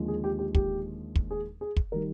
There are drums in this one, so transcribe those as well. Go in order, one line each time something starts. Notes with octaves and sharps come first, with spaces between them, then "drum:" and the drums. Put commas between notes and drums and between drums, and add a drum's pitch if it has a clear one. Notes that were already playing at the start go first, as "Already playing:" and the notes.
Already playing: D#2 D3 F3 G#3
G#4
G4
G4
G4, drum: kick
drum: kick
G#4
G#4
drum: kick
D#3 G3 A#4